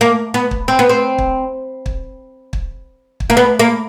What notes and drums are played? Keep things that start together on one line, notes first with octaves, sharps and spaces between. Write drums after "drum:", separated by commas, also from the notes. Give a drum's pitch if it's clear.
A#3
B3
drum: kick
C4
B3
C4
drum: kick
drum: kick
drum: kick
drum: kick
A#3
B3
A#3